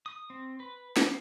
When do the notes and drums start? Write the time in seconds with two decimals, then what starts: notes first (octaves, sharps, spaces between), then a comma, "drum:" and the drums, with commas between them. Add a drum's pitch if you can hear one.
0.06 D#6
0.30 C4
0.60 B4
0.97 A#3, drum: snare